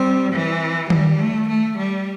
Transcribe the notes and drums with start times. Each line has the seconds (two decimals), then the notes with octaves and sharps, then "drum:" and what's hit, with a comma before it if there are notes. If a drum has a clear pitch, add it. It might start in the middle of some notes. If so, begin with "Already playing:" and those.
Already playing: G3 C4
0.33 E3
0.90 G3, drum: tom D#3
1.20 A3
1.49 A3
1.78 G3